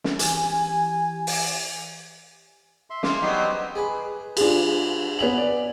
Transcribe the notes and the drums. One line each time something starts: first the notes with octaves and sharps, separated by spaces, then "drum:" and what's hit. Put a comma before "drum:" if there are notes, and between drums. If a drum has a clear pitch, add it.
drum: snare
E3 G4 G#5, drum: hi-hat
drum: open hi-hat
E5 C6
G#3 A#3 F5 C6 D6, drum: snare
F#3 G3 B3 D#4 G4 C5 D#5
G#4 B4
F3 D4 G4 G#4, drum: cymbal
B3 E5 G#5 F7 F#7
D5